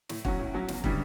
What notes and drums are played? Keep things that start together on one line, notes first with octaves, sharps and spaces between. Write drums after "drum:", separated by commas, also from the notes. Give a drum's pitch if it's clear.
A2, drum: snare
F#3 C#4 F#4, drum: kick
A2
F#3 C#4 F#4
E2, drum: snare
C#3 E3 G3 D4, drum: kick